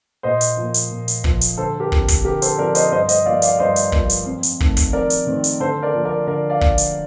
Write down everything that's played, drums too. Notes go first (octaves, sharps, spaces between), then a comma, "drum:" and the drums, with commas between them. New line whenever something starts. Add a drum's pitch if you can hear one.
A#2 C5 D#5
drum: hi-hat
F3
A#3
drum: hi-hat
A#2
drum: hi-hat
F3 A#3, drum: kick
drum: hi-hat
D3 A4 C5
G4 A#4
F3 C4, drum: kick
drum: kick, hi-hat
D3 G4 A#4
A4 C5, drum: hi-hat
F3 C4 A#4 D5
C5 D#5, drum: hi-hat
G2 C5 D#5
C5 D#5, drum: hi-hat
F3 A#3 D5 F5
D5 F5, drum: hi-hat
G2 C5 D#5
drum: hi-hat
F3 A#3, drum: kick
drum: hi-hat
F2
drum: hi-hat
D#3 A3 C4, drum: kick
drum: kick, hi-hat
F2 A#4 D5
drum: hi-hat
D#3 A3 C4
drum: hi-hat
D3 A4 C5
A#4 D5
F3 A#3
A#4 D5
D3 A#4 D5
D5 F5
F3 A#3, drum: kick
drum: hi-hat